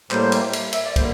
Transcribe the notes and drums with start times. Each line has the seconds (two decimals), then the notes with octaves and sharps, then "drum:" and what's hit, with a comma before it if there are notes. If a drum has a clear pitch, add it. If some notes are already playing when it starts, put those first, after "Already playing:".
0.11 A2 G3 A#3 C5, drum: clap
0.32 drum: cymbal
0.53 drum: cymbal
0.73 E5, drum: cymbal
0.84 D5
0.96 D3 G3 A#3 C5, drum: kick, cymbal